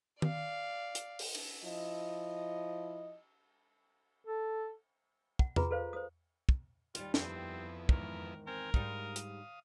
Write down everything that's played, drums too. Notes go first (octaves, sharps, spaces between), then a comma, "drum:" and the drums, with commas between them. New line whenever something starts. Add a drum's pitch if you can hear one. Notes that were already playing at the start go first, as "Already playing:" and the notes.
D5 F5, drum: tom
drum: hi-hat
drum: open hi-hat
drum: cymbal
F3 E4 D#5
A4
F#5, drum: kick
F4 G#4 B4 A#5, drum: tom E2
A4 B4 C5 F5
C5 D#6
drum: kick
D#2 G3 F4, drum: hi-hat
F2 B3 C4 E4, drum: snare
E2 G#2 D#3 A#4, drum: kick
C4 A#4 G5 G#5
G#2 G3 D#4 F5 D#6, drum: kick
drum: hi-hat